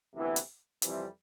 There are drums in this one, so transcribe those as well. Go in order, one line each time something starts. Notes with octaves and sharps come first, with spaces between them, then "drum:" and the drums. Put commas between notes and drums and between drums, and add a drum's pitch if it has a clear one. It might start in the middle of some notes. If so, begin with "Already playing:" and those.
D2 C3 E3 B3
drum: hi-hat
F2 C3 E3 G3 C4, drum: hi-hat